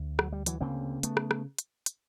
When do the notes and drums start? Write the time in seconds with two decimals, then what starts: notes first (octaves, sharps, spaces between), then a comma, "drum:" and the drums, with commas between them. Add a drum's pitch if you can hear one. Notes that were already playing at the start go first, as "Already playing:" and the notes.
Already playing: D2
0.19 F#3, drum: rim click
0.32 G3
0.46 E3 F#3, drum: hi-hat
0.61 D2 C#3 A#3 C4
1.03 A3 B3, drum: hi-hat
1.17 drum: rim click
1.31 drum: rim click
1.59 drum: hi-hat
1.86 drum: hi-hat